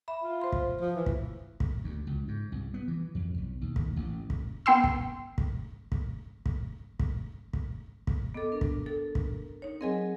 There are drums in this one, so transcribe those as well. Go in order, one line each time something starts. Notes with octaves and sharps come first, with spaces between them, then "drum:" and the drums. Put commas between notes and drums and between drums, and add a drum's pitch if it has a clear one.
E5 B5
F4
C5 C6
drum: kick
F3
E3
drum: kick
drum: kick
D2
C#2
G#2
C2
B3
E3
F2
B1
D#2
drum: kick
A1
drum: kick
B3 G5 C6 E6
drum: kick
drum: kick
drum: kick
drum: kick
drum: kick
drum: kick
drum: kick
B3 A4 D#5 D6
D4 A#4
drum: kick
A4
drum: kick
D#4 C#5
F#3 C4 G#4 A#4 D#5 G#5